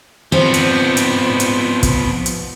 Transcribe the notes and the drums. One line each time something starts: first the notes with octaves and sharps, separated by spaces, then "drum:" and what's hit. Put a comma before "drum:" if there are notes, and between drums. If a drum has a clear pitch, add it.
F3 B3 C4
drum: hi-hat
drum: hi-hat
drum: hi-hat
drum: kick, hi-hat
drum: hi-hat